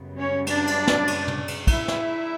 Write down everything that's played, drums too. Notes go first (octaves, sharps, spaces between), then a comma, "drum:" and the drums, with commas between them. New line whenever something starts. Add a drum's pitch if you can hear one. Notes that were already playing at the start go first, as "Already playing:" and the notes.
Already playing: F#2 C#3 G3 B3
C#4 C#5
D4 D5, drum: cymbal
drum: cymbal
drum: snare
drum: cymbal
drum: tom
drum: cymbal
E4 E5, drum: kick, cymbal
drum: snare